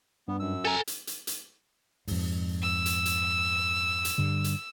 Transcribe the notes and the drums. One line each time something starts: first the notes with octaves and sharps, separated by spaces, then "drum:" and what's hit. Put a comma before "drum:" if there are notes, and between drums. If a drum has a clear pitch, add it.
G2 B3
F#2 E6
A4 G#5 A#5
drum: hi-hat
drum: hi-hat
drum: hi-hat
F2 G#2, drum: open hi-hat
E6
drum: hi-hat
drum: hi-hat
drum: hi-hat
G2 D3 G3
drum: hi-hat